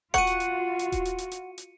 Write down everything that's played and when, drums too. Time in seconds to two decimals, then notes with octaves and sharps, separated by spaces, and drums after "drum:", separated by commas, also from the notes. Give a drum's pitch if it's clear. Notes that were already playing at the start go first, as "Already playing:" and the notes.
0.14 F4 F#4 F#5 C#6 C#7 D#7, drum: kick D#1, hi-hat
0.27 drum: hi-hat
0.40 drum: hi-hat
0.79 drum: hi-hat
0.92 drum: kick D#1, hi-hat
1.05 drum: hi-hat
1.18 drum: hi-hat
1.31 drum: hi-hat
1.58 drum: hi-hat